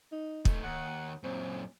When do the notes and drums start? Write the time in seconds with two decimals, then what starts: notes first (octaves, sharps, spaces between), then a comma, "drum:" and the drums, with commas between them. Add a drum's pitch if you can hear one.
0.12 D#4
0.45 A3 D#4, drum: kick
0.64 D#2 F#5
1.24 F#2 A#2 C4